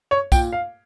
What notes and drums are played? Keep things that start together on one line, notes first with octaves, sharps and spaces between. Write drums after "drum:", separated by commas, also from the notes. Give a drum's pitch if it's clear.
C#5
A#2 G5, drum: kick, tambourine
F5